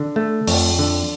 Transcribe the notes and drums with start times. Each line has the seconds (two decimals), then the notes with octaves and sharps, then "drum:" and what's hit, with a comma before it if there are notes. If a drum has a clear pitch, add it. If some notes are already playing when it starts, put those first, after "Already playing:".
Already playing: D3
0.16 A3
0.47 F2, drum: open hi-hat
0.79 D3